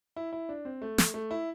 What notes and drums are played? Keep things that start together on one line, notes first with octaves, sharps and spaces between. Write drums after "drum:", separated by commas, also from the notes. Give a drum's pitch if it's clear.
E4
E4
D4
C4
A3
drum: snare
A3
E4